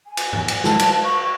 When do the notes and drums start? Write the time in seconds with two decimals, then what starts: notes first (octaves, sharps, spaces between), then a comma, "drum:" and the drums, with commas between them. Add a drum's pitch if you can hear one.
0.07 G#5
0.17 drum: cymbal
0.33 drum: tom G#2
0.48 G#5, drum: cymbal
0.64 A5, drum: snare
0.79 drum: cymbal
1.04 C#6